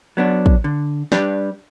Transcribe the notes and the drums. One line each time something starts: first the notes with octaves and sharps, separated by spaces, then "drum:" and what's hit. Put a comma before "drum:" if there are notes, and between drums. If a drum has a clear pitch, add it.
F#3 B3 D4
drum: kick
D3
G3 D4 G4 B4, drum: snare